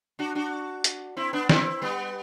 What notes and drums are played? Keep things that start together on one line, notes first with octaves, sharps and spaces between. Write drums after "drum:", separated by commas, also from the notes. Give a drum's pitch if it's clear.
D4 F#4
D4 F#4
drum: hi-hat
C4 E4
B3 D4
C4 E4, drum: snare
G3 B3